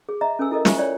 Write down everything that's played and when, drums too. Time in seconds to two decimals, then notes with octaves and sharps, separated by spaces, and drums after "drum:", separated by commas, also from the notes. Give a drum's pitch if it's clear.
0.09 G#4
0.21 D#5 E5 A#5
0.39 C#4 A4 B4 G#5 E6
0.51 E4 A4 A#4 D#5
0.65 F4 C5 E5 G5 G#5 C#6, drum: snare
0.78 C#5 D5 G5 G#5